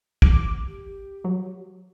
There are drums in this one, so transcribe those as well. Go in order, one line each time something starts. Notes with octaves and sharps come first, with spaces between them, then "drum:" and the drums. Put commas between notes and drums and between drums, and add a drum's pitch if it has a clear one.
D6, drum: kick
G4
F#3